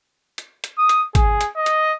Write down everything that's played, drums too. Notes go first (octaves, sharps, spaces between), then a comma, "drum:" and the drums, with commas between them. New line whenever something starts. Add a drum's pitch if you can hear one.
drum: hi-hat
drum: hi-hat
D#6
drum: hi-hat
G#4, drum: kick G#1, hi-hat
drum: hi-hat
D#5
drum: hi-hat